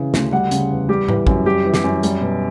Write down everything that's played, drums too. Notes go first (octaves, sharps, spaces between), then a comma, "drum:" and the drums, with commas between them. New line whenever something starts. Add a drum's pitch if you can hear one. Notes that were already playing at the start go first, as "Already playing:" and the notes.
Already playing: C#3 E3
D2, drum: snare
G3 F#5
C#3, drum: hi-hat
E2
G3 G4
E3, drum: tom G#2
F#2, drum: kick
G3 G4
E3
G4, drum: snare
F#2
G3, drum: hi-hat
B2